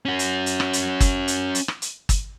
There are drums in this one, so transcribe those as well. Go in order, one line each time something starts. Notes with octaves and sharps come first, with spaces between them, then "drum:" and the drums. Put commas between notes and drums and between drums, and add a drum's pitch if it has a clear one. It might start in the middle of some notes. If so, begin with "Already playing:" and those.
C#4 F#4
drum: hi-hat
drum: hi-hat
drum: rim click
drum: hi-hat
drum: kick, hi-hat
drum: hi-hat
drum: hi-hat
drum: rim click
drum: hi-hat
drum: kick, hi-hat